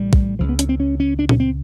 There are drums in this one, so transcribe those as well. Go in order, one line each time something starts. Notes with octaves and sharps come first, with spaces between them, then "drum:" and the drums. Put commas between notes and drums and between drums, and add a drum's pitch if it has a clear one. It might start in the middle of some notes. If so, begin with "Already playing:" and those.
Already playing: A1 A2 G3
drum: kick
C#2 C#3 F3
B3
C#4, drum: hi-hat
C4
C#4
C#4
D4
C#4, drum: tom A#2
C4